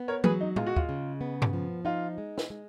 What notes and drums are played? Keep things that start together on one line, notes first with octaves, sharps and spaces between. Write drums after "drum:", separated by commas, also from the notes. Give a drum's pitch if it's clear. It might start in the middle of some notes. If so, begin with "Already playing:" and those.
Already playing: B3
A#4 C#5
F#3 G#4 B4, drum: tom E3
D#4
G#3 F4, drum: tom
F#4
F4, drum: kick
C#3
B3
drum: tom G2
F3
D#4 F4
G#3
drum: snare
G#3